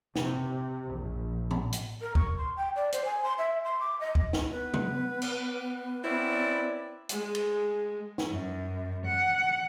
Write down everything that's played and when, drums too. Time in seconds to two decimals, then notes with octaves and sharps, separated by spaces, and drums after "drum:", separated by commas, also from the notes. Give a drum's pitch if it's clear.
0.16 C3, drum: snare
0.91 A#1
1.51 drum: tom A2
1.73 drum: hi-hat
2.01 A#4
2.15 C#6, drum: kick
2.37 C6
2.57 G5
2.76 D5
2.92 C5, drum: hi-hat
3.05 G#5
3.23 C6
3.38 E5
3.65 C6
3.80 D6
4.00 D#5
4.15 drum: kick
4.33 drum: snare
4.51 B3 B4
4.74 drum: tom C3
5.22 drum: cymbal
6.04 C4 C#4 E4 B4 D5
7.09 G#3, drum: hi-hat
7.35 drum: cymbal
8.18 drum: snare
8.30 F#2
9.06 F#5